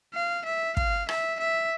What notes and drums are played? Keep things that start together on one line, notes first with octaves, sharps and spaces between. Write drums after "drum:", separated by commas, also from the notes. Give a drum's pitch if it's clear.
F5
E5
F5, drum: kick
E5, drum: rim click
E5